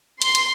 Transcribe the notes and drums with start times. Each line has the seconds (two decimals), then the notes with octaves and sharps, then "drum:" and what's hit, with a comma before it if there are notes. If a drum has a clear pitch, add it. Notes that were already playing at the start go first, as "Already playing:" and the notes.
0.22 C6, drum: hi-hat
0.35 drum: hi-hat